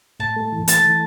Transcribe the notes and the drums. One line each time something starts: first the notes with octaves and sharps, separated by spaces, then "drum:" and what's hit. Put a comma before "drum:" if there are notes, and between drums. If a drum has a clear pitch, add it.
A2 A5
A3
E3
A3 A5, drum: hi-hat
E3